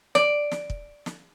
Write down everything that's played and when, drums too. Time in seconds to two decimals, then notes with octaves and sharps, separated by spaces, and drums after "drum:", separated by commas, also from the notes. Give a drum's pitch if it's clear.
0.15 D5, drum: snare
0.51 drum: snare
0.70 drum: kick
1.06 drum: snare